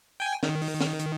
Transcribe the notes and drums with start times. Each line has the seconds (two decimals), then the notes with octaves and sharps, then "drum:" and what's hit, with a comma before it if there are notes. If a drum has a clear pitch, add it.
0.20 G5 G#5
0.43 D#3, drum: snare
0.62 drum: open hi-hat
0.81 drum: snare
0.99 drum: hi-hat